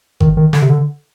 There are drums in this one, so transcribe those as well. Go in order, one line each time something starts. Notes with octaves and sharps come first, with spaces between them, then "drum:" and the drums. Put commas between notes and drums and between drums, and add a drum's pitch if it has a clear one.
D#3, drum: kick G#1
D#3
D3, drum: snare
C3
D3